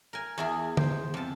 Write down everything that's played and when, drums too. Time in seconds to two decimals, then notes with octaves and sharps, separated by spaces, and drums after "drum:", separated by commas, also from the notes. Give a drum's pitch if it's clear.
0.13 A#4 G#5
0.38 E2 E4 G#4
0.77 C5, drum: tom
1.14 F2 A5